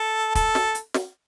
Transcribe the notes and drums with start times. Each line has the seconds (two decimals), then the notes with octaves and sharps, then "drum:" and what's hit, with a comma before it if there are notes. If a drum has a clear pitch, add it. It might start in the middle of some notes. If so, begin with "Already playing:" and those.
Already playing: A4
0.35 A4, drum: kick, hi-hat
0.55 drum: snare
0.75 drum: hi-hat
0.94 drum: snare